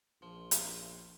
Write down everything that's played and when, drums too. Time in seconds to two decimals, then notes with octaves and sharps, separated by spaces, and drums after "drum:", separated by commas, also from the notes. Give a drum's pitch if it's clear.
0.22 A#1 F3
0.51 drum: hi-hat